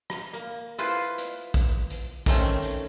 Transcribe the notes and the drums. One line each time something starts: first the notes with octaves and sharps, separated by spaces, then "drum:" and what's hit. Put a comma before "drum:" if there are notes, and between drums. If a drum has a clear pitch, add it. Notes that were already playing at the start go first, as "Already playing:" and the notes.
drum: rim click
A#3
E4 F4 B4 C5
drum: hi-hat
drum: kick, hi-hat
drum: hi-hat
D#3 A3 C4 C#4, drum: kick, hi-hat
drum: hi-hat